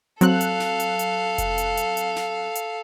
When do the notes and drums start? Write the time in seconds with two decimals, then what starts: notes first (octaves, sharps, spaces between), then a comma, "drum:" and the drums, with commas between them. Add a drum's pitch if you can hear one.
0.21 F#3 C4 A4 F5 F#6, drum: hi-hat
0.41 drum: hi-hat
0.60 drum: snare
0.80 drum: hi-hat
0.99 drum: hi-hat
1.38 drum: kick F1, hi-hat
1.58 drum: hi-hat
1.77 drum: hi-hat
1.97 drum: hi-hat
2.16 drum: snare
2.55 drum: hi-hat